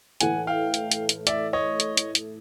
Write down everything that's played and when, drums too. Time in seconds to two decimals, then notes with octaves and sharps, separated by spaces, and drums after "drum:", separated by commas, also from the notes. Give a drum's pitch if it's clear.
0.21 A2 E3 A3 F#5 G#5, drum: hi-hat
0.47 F5 G5
0.74 drum: hi-hat
0.91 drum: hi-hat
1.09 drum: hi-hat
1.27 D5 E5, drum: hi-hat
1.53 C#5 D#5
1.80 drum: hi-hat
1.97 drum: hi-hat
2.15 drum: hi-hat